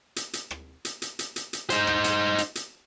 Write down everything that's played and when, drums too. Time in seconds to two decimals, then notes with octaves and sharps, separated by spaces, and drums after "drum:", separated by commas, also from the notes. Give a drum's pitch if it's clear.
0.16 drum: hi-hat
0.33 drum: hi-hat
0.51 drum: rim click
0.85 drum: hi-hat
1.02 drum: hi-hat
1.19 drum: hi-hat
1.36 drum: hi-hat
1.53 drum: hi-hat
1.70 D#4 C5, drum: hi-hat
1.87 drum: rim click
2.04 drum: hi-hat
2.38 drum: hi-hat
2.55 drum: hi-hat